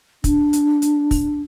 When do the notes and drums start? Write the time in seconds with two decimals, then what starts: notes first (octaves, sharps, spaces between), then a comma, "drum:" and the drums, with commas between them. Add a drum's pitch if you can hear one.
0.24 D4, drum: kick, hi-hat
0.53 drum: hi-hat
0.82 drum: hi-hat
1.11 drum: kick, open hi-hat